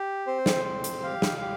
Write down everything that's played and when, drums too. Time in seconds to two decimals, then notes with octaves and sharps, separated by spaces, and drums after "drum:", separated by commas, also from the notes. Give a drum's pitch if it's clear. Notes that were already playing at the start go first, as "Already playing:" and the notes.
Already playing: G4
0.27 C4 C5
0.46 drum: snare
0.65 C4
0.84 drum: hi-hat
1.03 G4 F5
1.22 drum: snare
1.41 G4